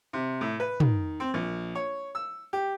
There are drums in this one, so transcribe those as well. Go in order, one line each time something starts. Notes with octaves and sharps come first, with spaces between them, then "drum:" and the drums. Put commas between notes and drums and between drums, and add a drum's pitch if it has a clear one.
C3
A2
B4
D#3, drum: tom
C4
A#1
C#5
E6
G4